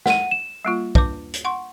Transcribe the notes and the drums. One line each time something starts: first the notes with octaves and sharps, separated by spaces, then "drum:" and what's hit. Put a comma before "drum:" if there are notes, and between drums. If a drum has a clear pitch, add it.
F#5 D#7, drum: snare
E7
G3 A#3 F4
D4 B4 D6, drum: kick
drum: hi-hat
F#5 C6 C#6